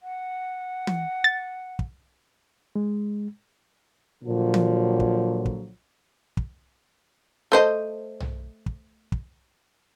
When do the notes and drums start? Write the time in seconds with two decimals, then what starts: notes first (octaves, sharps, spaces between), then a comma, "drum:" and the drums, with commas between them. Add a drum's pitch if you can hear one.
0.02 F#5
0.87 drum: tom E3
1.24 A6
1.79 drum: kick
2.76 G#3
4.24 A#2 D3 F3 F#3
4.54 drum: tom E3
5.00 drum: kick
5.45 drum: kick
6.37 drum: kick
7.52 A3 C5 D#5
8.20 drum: tom B1
8.66 drum: kick
9.12 drum: kick